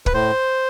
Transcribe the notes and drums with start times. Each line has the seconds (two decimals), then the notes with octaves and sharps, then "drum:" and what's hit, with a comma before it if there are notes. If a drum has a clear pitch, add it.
0.06 B4, drum: kick
0.14 A2 C5